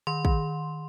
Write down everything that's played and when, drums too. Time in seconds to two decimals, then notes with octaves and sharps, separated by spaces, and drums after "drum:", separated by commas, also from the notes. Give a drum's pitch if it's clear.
0.07 D#3 C6
0.25 D#3, drum: kick